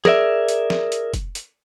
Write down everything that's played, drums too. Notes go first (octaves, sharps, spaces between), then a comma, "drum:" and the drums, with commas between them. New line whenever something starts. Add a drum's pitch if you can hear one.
G#4 A#4 D5 E5, drum: snare
drum: hi-hat
drum: snare
drum: hi-hat
drum: kick, hi-hat
drum: hi-hat